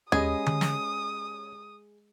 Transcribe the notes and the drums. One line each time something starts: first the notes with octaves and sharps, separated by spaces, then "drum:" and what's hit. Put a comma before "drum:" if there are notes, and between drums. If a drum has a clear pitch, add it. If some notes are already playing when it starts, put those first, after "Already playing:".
G#3 C#4 G4 G#4 B4 D#5 D#6, drum: tom D#2
drum: tom D3
drum: snare